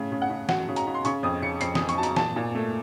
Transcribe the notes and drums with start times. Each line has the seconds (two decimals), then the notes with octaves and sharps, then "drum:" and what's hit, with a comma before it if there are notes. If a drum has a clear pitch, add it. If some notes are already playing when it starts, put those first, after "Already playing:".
Already playing: A2 C#3
0.12 C#3
0.22 F#5
0.30 C#3
0.49 F#3 F#5, drum: snare
0.68 C#3
0.76 A#5, drum: hi-hat
0.87 C#3
0.94 C6
1.05 C#3 C#6, drum: hi-hat
1.23 F2 D#6
1.42 C#3 C#7
1.61 F2 C7, drum: hi-hat
1.75 D#6, drum: snare
1.79 F2
1.89 C#6, drum: hi-hat
1.98 F#3 A5
2.03 A#5, drum: hi-hat
2.16 A#2 A5, drum: snare
2.36 A#2
2.55 A3